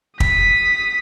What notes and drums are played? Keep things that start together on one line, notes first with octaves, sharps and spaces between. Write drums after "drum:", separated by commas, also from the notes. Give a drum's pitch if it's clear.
D#6 B6, drum: kick